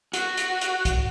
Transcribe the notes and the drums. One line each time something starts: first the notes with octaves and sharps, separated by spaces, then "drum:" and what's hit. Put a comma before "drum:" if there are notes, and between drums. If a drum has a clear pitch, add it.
F#4, drum: hi-hat
drum: hi-hat
drum: hi-hat
drum: kick, hi-hat